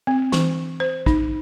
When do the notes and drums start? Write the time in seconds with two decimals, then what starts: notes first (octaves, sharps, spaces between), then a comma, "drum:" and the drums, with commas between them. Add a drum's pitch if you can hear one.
0.07 C4
0.32 E3, drum: snare
0.80 C5
1.06 D#4, drum: kick